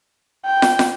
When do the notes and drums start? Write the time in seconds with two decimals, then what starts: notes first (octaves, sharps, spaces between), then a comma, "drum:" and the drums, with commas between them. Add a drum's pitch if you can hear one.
0.45 G5
0.62 drum: snare
0.79 drum: snare